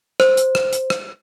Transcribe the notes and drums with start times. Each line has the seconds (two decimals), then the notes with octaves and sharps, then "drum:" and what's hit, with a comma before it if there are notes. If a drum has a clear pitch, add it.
0.20 C5, drum: rim click
0.37 drum: hi-hat
0.55 drum: rim click
0.73 drum: hi-hat
0.90 drum: rim click